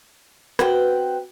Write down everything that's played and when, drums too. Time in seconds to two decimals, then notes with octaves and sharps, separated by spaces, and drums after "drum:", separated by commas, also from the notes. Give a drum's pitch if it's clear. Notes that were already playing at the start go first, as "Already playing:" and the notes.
0.59 C4 F#4 B4 G5, drum: rim click